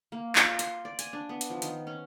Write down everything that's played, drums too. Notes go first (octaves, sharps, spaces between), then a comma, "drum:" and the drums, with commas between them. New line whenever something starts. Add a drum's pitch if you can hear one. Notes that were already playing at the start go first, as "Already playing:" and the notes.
A#3
F4, drum: clap
C6, drum: hi-hat
D5
G#5, drum: hi-hat
D4
B3
drum: hi-hat
F3
D#3, drum: hi-hat
C#4